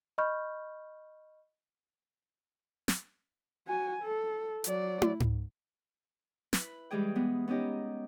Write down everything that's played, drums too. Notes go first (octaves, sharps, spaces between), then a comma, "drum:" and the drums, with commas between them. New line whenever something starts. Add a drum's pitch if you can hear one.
D#5 B5 C#6 F6 G6
drum: snare
F#4 G#5
A4
F#3 D5, drum: hi-hat
drum: tom
drum: tom G#2
E4 B4, drum: snare
E3 G3 G#3 G4 G#4 G5
G#3 B3
B3 C#4 D#4 G4 D#5